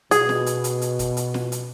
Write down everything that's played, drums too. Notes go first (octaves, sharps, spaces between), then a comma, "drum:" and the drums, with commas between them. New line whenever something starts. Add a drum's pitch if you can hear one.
B2 G#4, drum: hi-hat
drum: snare
drum: hi-hat
drum: hi-hat
drum: hi-hat
drum: kick, hi-hat
drum: hi-hat
drum: snare
drum: hi-hat